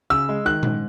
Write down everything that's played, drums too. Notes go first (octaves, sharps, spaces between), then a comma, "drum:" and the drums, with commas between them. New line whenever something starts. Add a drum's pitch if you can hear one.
C#3 E6
G#3
D#3 F#6
G#2, drum: tom A#2